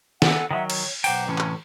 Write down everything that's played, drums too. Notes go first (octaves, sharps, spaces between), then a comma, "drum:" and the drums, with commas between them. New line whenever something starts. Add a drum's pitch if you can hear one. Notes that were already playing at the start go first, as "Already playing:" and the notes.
A4 F#5 G#5, drum: snare
D#3 F3 F#3 E5 F#5
C#5, drum: cymbal
B1 C5 F#5 G5 A#5 D6, drum: open hi-hat
A2 C3 E3 C#4
drum: clap